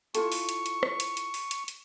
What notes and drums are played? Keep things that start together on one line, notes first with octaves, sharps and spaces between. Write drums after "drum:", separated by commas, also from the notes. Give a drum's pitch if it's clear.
E4 F4 A4 C#6, drum: hi-hat
drum: open hi-hat
drum: hi-hat
drum: hi-hat
drum: rim click
drum: hi-hat
drum: hi-hat
drum: open hi-hat
drum: hi-hat
drum: hi-hat